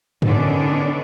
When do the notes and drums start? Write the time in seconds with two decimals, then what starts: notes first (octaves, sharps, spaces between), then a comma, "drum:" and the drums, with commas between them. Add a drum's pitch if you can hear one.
0.22 D3 D#3 B3 C#4 D4, drum: tom G2